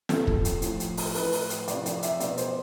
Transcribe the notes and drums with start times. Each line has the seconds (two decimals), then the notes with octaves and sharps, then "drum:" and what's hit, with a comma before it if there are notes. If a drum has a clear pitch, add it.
0.09 C3 F3 A4, drum: snare
0.27 drum: kick
0.45 drum: hi-hat
0.62 A2 F3, drum: hi-hat
0.80 drum: hi-hat
0.97 drum: open hi-hat
1.15 A2 E3 B4, drum: open hi-hat
1.32 drum: open hi-hat
1.50 drum: hi-hat
1.68 C3 F3 D5, drum: hi-hat
1.86 D5, drum: hi-hat
2.03 E5, drum: hi-hat
2.20 B2 D5, drum: hi-hat
2.37 C5, drum: hi-hat